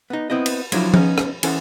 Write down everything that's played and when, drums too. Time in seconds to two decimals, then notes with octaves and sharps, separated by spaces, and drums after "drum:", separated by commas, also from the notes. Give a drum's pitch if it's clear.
0.10 B3 D#4
0.30 B3 C4 E4 D#5
0.46 drum: cymbal
0.72 F3 F#3 D4 E4 F4, drum: cymbal
0.94 B3 C#4 D#4 F5, drum: tom F3
1.18 drum: rim click
1.43 E3 C#4 E4 A4 C5 F#5, drum: cymbal